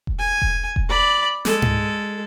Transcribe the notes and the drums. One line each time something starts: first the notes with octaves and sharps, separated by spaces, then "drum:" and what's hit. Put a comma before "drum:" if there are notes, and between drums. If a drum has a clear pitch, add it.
drum: kick E1
G#5
drum: kick E1
drum: kick E1
D5 B5
G#3 A4, drum: snare
drum: tom G#2